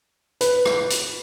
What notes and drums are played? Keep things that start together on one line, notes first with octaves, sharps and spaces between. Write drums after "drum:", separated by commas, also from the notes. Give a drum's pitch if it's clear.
B4, drum: hi-hat
drum: rim click
drum: hi-hat